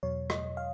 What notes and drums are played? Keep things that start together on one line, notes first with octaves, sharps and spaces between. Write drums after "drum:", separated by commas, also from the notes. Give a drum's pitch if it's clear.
E2 B2 F#3 C#5
D#5, drum: rim click
F5